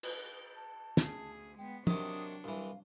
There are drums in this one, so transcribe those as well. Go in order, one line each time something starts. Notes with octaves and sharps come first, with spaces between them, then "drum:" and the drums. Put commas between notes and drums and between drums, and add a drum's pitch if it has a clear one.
drum: cymbal
A5
D2 G#4, drum: snare
G#3 B3 G5
C3 D#3 F#3 D4 D#6, drum: tom
C2 E3 F5